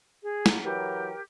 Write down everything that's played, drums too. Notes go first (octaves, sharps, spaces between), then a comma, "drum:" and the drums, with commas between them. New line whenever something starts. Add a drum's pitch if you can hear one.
G#4
drum: snare
E3 F#3 G4 A#4 G5